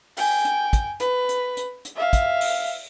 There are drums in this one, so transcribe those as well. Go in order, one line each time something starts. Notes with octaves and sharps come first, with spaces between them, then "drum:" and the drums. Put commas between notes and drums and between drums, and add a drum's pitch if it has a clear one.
G5 G#5, drum: open hi-hat
drum: hi-hat
drum: kick, hi-hat
B4, drum: hi-hat
drum: hi-hat
drum: hi-hat
drum: hi-hat
E5 F5
drum: kick, hi-hat
drum: open hi-hat